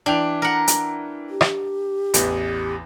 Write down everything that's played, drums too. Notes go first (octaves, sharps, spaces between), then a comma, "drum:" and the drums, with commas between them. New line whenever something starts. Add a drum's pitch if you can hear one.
E3 D4 G5 F7
A#4 F#5
drum: hi-hat
G4
drum: rim click
A1 E2, drum: hi-hat